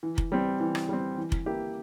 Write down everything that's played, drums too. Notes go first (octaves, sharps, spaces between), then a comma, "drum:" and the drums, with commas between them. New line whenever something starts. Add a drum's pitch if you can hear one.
E3
drum: kick F1
G3 C4
E3
drum: rim click
G3 C4
E3
drum: kick F1
A#3 E4 G4